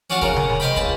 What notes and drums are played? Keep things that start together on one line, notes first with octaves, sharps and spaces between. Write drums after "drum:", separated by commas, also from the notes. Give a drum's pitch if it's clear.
C#4 D4 F#4 F5 A5
C#3 C#4 A#4, drum: kick
drum: tom C3
drum: rim click
C5 D#5 F5 G5 B5
C#2 A5 B5, drum: kick